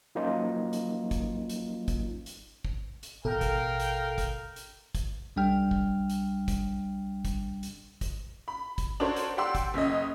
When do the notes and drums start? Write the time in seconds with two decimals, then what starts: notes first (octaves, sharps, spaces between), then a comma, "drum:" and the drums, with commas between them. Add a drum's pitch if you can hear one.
0.15 F3 F#3 A#3 C#4 D#4 F4
0.73 drum: hi-hat
1.11 drum: kick, hi-hat
1.49 drum: hi-hat
1.88 drum: kick, hi-hat
2.26 drum: hi-hat
2.65 drum: kick
3.03 drum: hi-hat
3.25 A1 B2 A4 A#4 F5 G5
3.41 drum: kick, hi-hat
3.80 drum: hi-hat
4.18 drum: kick, hi-hat
4.56 drum: hi-hat
4.95 drum: kick, hi-hat
5.36 B1 G3 D4 G5 F6
5.71 drum: kick
6.10 drum: hi-hat
6.48 drum: kick, hi-hat
7.25 drum: kick, hi-hat
7.63 drum: hi-hat
8.01 drum: kick, hi-hat
8.48 B5
8.78 drum: kick, hi-hat
9.00 D4 F#4 A4 A#4 C5 C#5
9.16 drum: hi-hat
9.37 G4 D5 F#5 C6 E6
9.55 drum: kick, hi-hat
9.74 F#1 C#3 C#4 D#5